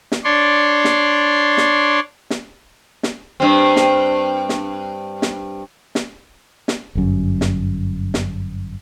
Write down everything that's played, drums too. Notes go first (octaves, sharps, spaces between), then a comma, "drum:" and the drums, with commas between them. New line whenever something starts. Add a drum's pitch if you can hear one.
drum: snare
D4 C#5 D5 C6
drum: snare
drum: snare
drum: snare
drum: snare
G2 C4
drum: snare
drum: snare
drum: snare
drum: snare
drum: snare
G1 F#2
drum: snare
drum: snare